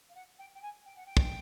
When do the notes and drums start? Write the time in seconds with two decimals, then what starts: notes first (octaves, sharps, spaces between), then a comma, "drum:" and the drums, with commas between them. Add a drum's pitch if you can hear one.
0.09 F5
0.15 F#5
0.39 G5
0.55 G5
0.62 G#5
0.85 G5
0.96 F#5
1.06 G5
1.17 drum: kick